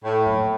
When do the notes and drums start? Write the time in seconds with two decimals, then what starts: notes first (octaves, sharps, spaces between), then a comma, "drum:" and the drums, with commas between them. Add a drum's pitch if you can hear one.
0.04 A2
0.27 drum: tom